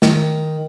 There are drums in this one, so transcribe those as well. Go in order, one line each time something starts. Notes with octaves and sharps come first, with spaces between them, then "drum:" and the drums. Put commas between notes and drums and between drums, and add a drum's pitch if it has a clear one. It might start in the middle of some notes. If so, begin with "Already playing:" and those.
D#3, drum: snare